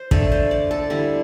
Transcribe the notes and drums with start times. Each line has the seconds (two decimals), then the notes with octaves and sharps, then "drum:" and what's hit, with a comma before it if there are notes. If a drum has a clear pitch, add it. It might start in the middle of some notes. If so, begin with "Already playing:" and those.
Already playing: C5
0.11 D3 A3 A4, drum: kick
0.32 C5
0.51 D5
0.71 A4
0.90 D3 G3 E4